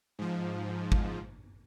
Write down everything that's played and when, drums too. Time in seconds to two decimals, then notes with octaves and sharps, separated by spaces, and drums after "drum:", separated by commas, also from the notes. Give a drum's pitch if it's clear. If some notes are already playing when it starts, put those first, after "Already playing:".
0.19 G#2 F3
0.92 drum: kick